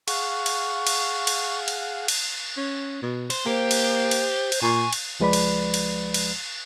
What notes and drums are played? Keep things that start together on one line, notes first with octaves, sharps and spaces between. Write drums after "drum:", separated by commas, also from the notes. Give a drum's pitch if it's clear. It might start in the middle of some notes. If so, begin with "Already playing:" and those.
G#4 F5 F#5 C#6, drum: cymbal
drum: cymbal
drum: cymbal
drum: cymbal
drum: cymbal
drum: cymbal
C#4
B2
C5, drum: cymbal
A#3 G4 C5
drum: cymbal
drum: cymbal
drum: cymbal
A#2 G#5 C#6
drum: cymbal
C#2 F3 G#3 B4 D5 B5
drum: cymbal
drum: cymbal
drum: cymbal